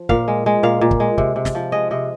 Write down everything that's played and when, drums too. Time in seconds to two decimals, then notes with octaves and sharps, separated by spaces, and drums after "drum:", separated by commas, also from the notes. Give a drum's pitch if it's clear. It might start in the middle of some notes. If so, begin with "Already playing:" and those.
Already playing: F3
0.09 A#2 F5, drum: kick
0.28 G#3
0.46 G#3
0.63 A#2 F5
0.81 A#2
0.91 drum: kick
1.00 G#3
1.18 C3, drum: kick
1.36 C3
1.45 drum: snare
1.55 F3
1.72 G#3 D#5
1.91 C3 D#5